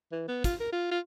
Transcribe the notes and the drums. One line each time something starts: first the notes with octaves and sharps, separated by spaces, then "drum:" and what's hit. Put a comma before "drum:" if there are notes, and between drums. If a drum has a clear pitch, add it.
E3
B3
F4, drum: kick, hi-hat
A#4
F4
F4